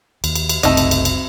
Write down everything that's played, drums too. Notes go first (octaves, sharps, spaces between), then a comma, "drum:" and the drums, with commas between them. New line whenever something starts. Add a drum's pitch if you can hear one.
D#2, drum: cymbal
drum: cymbal
drum: cymbal
F#1 C2 A3 C4 D#4, drum: cymbal
drum: cymbal
drum: cymbal
drum: cymbal